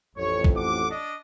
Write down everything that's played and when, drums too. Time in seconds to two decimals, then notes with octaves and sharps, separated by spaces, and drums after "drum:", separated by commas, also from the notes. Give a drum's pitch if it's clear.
0.16 A1 F2 C#5
0.44 drum: kick
0.55 F#5 D6
0.89 D4 D5 D#5